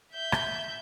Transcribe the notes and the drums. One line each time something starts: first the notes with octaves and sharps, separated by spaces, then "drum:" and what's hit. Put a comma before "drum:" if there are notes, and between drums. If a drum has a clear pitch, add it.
E5 G6
drum: rim click